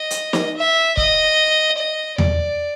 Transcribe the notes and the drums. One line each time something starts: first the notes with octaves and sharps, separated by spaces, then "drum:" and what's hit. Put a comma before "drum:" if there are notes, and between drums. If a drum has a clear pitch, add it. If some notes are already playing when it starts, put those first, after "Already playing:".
Already playing: D#5
drum: hi-hat
drum: snare
E5
D#5, drum: kick
D#5
D5, drum: tom E2